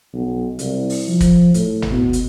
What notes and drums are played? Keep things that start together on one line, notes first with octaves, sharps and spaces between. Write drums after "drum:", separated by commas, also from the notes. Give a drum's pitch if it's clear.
B1
C2, drum: hi-hat
drum: open hi-hat
F3
drum: kick, hi-hat
A2, drum: hi-hat
drum: tom
B2
drum: hi-hat